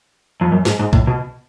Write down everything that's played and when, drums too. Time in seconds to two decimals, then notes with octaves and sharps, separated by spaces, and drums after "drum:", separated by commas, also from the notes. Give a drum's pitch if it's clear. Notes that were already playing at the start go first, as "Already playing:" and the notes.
0.41 F2
0.52 F#2
0.65 G#2, drum: snare
0.79 G#2
0.93 A2, drum: kick
1.07 B2